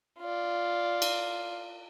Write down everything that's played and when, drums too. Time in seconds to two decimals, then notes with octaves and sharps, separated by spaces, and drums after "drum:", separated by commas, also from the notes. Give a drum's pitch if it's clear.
0.19 F4 D5
1.02 drum: cymbal